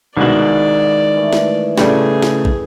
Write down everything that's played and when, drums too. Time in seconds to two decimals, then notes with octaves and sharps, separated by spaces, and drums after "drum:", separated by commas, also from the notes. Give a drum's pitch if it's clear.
0.17 C2 B2 D#3 G#3 E4 D5
1.16 E3 A3
1.33 drum: snare
1.77 A2 C#3 G3 A3 G#4 E5 G5, drum: snare
2.22 drum: snare
2.45 drum: kick